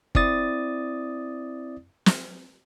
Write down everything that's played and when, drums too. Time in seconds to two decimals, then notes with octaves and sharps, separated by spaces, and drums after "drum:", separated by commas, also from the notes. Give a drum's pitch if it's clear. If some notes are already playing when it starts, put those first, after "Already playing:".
0.15 C4 E4 D5 D#6 A6, drum: kick
2.06 drum: snare